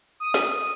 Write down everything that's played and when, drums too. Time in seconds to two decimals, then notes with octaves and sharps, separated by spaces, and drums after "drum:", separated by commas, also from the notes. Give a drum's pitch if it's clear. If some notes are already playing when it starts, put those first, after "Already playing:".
0.20 D#6
0.34 drum: snare